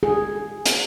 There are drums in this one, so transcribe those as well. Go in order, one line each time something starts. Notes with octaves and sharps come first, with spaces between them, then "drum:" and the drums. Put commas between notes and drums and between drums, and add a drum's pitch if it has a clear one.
G#4
drum: hi-hat